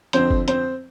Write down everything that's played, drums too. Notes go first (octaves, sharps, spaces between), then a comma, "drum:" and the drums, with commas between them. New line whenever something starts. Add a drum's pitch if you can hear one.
F2 D3 F3 C4 C5, drum: hi-hat
drum: kick
C4 C5, drum: hi-hat